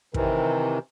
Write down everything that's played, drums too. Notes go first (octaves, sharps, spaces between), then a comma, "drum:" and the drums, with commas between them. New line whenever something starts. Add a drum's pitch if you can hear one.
C3 D#3 E3, drum: kick